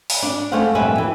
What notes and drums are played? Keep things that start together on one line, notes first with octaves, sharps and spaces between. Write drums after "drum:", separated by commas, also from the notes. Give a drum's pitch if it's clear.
drum: open hi-hat
D4
G#3 A3 B3 C5 F5 F#5
F2 A#2 G3 B4 E5 G#5
E3